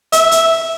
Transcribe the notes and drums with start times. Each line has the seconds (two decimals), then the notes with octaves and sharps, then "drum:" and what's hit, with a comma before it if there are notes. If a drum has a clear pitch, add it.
0.12 E5, drum: hi-hat
0.31 drum: hi-hat